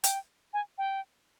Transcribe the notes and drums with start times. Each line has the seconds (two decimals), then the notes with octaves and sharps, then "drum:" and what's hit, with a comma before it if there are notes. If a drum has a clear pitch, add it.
0.04 G5, drum: hi-hat
0.53 G#5
0.78 G5